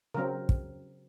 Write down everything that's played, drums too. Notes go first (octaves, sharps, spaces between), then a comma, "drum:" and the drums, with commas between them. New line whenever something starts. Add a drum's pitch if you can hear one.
C#3 F#3 C4 A#4
drum: kick